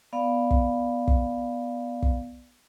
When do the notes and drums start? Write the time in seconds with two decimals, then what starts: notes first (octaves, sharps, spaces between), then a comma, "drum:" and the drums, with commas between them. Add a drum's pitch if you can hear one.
0.13 B3 D5 F5
0.51 drum: kick
1.08 drum: kick
2.02 drum: kick